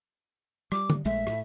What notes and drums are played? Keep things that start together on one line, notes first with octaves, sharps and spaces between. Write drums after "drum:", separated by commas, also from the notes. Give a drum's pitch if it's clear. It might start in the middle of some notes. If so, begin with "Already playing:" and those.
G3 D6, drum: rim click
drum: tom
A#1 G#3 A3 E5
A2, drum: rim click